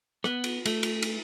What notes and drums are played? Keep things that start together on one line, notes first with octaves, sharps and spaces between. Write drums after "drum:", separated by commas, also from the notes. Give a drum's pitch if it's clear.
B3, drum: rim click
drum: cymbal
A3, drum: cymbal
drum: cymbal
drum: cymbal